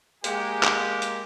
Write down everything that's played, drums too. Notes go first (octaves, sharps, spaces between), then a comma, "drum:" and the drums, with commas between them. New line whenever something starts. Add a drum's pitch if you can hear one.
G#3 A#3 G4, drum: hi-hat
drum: clap
drum: hi-hat